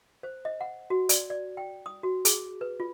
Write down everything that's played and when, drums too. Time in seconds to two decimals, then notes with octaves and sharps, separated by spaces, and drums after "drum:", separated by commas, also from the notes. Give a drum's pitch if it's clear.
0.23 C5
0.45 D#5
0.61 F#5
0.90 F#4
1.09 D5, drum: hi-hat
1.30 D5
1.57 G5
1.86 D#6
2.03 F#4
2.25 G#4, drum: hi-hat
2.61 B4
2.80 F4